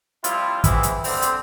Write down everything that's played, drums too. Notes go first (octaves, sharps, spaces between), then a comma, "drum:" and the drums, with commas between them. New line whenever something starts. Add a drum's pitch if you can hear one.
F3 G3 C4 E4 F4, drum: hi-hat
E3 G#3 B3 C4 E4, drum: kick, hi-hat
drum: hi-hat
D3 G3 C4, drum: open hi-hat
drum: hi-hat